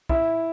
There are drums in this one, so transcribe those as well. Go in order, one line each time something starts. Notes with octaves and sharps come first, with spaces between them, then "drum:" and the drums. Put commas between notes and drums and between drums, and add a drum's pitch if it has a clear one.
E4, drum: kick